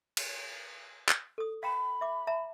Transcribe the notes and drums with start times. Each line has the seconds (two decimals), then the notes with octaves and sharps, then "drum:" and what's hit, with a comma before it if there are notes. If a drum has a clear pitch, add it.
0.17 drum: cymbal
1.08 drum: clap
1.38 A4 D#6
1.63 F5 G5 A#5 B5
2.01 E5 D6
2.27 E5 A5 A#5